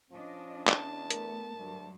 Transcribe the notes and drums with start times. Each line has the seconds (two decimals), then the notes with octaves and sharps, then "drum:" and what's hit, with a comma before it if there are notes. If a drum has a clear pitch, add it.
0.12 F3 C#4 D4 D#5
0.68 E2 A5, drum: clap
1.10 A3 B3 A#4, drum: hi-hat
1.57 D2 G2 F#3